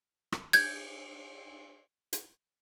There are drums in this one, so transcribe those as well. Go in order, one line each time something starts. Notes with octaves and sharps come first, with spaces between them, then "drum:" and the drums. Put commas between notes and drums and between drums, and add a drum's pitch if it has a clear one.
drum: rim click
G6 G#6, drum: cymbal
drum: hi-hat